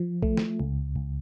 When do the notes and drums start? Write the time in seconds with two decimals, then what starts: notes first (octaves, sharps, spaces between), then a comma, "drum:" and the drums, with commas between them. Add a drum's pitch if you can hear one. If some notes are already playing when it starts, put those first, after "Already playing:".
Already playing: F3
0.23 A3, drum: kick
0.37 drum: snare
0.60 C#2
0.96 C#2